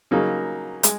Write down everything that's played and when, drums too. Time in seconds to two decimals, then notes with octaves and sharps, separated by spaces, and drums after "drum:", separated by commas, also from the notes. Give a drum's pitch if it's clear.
0.11 C#3 F#3 A#3 D#4
0.83 G#3, drum: hi-hat